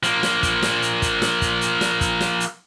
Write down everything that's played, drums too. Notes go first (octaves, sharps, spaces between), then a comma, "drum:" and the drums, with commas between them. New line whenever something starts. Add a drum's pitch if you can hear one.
F3 A#3, drum: hi-hat
drum: snare
drum: kick, hi-hat
drum: snare
drum: hi-hat
drum: kick, hi-hat
drum: snare
drum: kick, hi-hat
drum: hi-hat
drum: snare
drum: kick, hi-hat
drum: snare
drum: hi-hat